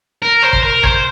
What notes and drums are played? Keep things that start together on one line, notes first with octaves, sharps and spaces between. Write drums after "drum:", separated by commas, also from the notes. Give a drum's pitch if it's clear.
A#4
C5
drum: kick
A#4
C5, drum: kick